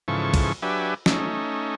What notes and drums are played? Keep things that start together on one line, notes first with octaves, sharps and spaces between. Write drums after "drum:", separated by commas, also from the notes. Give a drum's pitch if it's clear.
G#2 C#3 E3 F3 A4 C#6
drum: kick, cymbal
F#3 D4 G4 B4 E5 G#5
A3 C#4 D#4, drum: snare